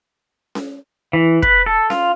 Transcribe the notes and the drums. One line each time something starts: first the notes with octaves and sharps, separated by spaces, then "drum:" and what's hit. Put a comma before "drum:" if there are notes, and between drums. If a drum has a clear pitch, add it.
drum: snare C#4
E3
B4, drum: kick
A4
F4, drum: snare C#4